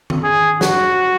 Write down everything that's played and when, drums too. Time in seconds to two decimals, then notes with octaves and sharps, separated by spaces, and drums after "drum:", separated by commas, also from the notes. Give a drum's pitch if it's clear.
0.10 drum: tom D#3
0.24 G#4
0.61 F#4, drum: snare